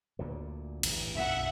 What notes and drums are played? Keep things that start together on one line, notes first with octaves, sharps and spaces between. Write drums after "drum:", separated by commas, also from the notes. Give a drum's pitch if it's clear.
D2 A#2 D3
A1 E2 G2, drum: cymbal
F#1 B1 F2 E5 F#5